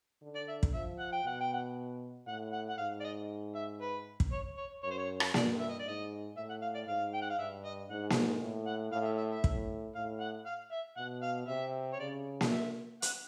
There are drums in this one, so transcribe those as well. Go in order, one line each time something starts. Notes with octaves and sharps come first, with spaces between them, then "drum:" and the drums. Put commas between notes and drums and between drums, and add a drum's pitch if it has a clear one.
D3
D5
E5
drum: kick
F3 E5
F#5
G5
B2 F#5
G5
F#5
A2 F#5
F#5
F#5
G#2 F5
D5
D#5
E5
B4
drum: kick
C#5
C#5
F#2 C#5
C5
C#5
drum: rim click
G2 D5, drum: snare A#3
E5
D#5
D5
G#2 D#5
A2 E5
F#5
F5
D5
G#2 F5
G5
F#5
F5
G2 E5
D#5
G#2 F#5
drum: snare A#3
A2
F#5
A2 F5
E5
E5
E5
A2, drum: kick
A2 F5
F#5
F5
E5
B2 F#5
F5
C3 E5
C#5
C#3 D5
drum: snare A#3
E5
F#5, drum: hi-hat